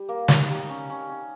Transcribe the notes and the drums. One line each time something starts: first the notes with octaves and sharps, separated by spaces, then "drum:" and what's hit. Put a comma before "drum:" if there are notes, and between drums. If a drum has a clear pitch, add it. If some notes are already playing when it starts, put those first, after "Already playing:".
Already playing: G3
A#3
D#4, drum: snare
G3
C#4
C#4
C#4